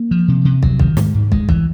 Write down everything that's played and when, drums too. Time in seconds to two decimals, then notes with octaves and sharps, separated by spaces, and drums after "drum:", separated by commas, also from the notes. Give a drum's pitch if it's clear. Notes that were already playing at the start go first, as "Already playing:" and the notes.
Already playing: A#3
0.11 F3
0.28 C3
0.45 C3
0.63 F#3, drum: kick
0.80 D#3, drum: kick
0.97 G#2, drum: snare
1.14 G#2
1.32 G#3, drum: kick
1.49 E3, drum: kick